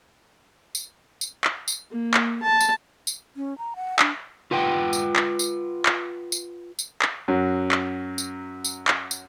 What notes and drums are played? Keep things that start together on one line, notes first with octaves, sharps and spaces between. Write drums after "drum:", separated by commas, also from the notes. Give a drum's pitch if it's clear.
drum: tambourine
drum: tambourine
drum: clap
drum: tambourine
A#3
drum: clap
A5
drum: tambourine
drum: tambourine
C#4
A#5
F#5
D4, drum: clap
F4 B4 F#5 G5
drum: tambourine
drum: clap
drum: tambourine
drum: clap
drum: tambourine
drum: tambourine
drum: clap
F#2 F#3
drum: clap
drum: tambourine
drum: tambourine
drum: clap
drum: tambourine